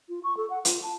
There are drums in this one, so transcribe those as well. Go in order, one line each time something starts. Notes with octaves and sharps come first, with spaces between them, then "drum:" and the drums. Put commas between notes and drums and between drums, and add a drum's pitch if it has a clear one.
F4
C#6
A4
F#5
F4, drum: hi-hat
A5